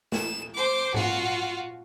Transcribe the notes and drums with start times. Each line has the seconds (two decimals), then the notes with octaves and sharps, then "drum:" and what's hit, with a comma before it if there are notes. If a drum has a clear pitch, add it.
0.12 E7, drum: snare
0.55 C5 D6
0.94 F4 F#4, drum: tom G#2